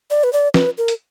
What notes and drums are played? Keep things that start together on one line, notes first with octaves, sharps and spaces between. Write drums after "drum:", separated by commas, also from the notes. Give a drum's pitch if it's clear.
D5
B4
D5
B4, drum: snare
A#4
drum: hi-hat